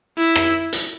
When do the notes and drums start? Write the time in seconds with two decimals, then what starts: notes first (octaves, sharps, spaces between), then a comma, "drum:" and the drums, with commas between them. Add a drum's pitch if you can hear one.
0.18 E4
0.36 drum: rim click
0.73 drum: hi-hat